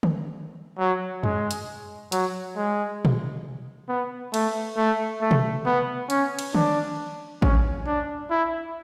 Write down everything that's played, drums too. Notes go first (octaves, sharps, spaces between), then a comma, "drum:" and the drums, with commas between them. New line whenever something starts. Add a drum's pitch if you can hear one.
drum: tom D3
F#3
G#3, drum: tom F2
drum: hi-hat
F#3, drum: hi-hat
G#3
drum: tom A#2
B3
A3, drum: cymbal
A3
A3
drum: tom B2
B3
C#4, drum: hi-hat
drum: cymbal
D4, drum: tom D3
C#4, drum: kick A1
D4
E4